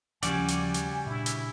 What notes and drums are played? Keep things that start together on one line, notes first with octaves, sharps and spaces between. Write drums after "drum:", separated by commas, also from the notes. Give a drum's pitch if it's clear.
D#2 C#3 F3 G3 F#4 G4 D5 G#5, drum: hi-hat
drum: hi-hat
drum: hi-hat
A#2 D4 E4
drum: hi-hat